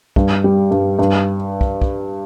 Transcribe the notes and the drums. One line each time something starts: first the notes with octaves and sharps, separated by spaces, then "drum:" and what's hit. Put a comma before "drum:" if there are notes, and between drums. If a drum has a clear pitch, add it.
G2, drum: kick
G3
G2
G2
drum: kick
drum: kick